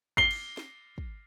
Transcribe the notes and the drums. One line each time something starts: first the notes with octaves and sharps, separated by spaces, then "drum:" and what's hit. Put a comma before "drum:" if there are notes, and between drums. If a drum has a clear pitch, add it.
C7 G7, drum: kick
drum: cymbal
drum: snare
drum: kick